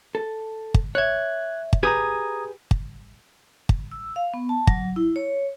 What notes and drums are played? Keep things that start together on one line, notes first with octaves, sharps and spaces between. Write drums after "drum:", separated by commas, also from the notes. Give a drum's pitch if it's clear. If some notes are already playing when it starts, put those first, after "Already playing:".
A4
drum: kick
C#5 E5 F#6 G#6
drum: kick
G4 G#4 B4 A#5 D#6 G#6
drum: kick
drum: kick
E6
F5
B3
A5
F#3, drum: kick
E4
C#5